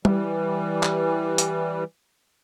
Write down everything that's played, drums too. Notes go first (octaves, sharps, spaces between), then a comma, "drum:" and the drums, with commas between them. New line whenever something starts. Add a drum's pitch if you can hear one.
E3 G3, drum: tom G3
drum: clap
drum: hi-hat